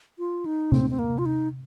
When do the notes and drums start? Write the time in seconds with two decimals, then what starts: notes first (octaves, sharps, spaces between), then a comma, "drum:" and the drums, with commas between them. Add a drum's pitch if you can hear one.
0.19 F4
0.46 D#4
0.72 C4, drum: tom C3
0.90 C4
0.99 A#3
1.18 F4
1.26 D#4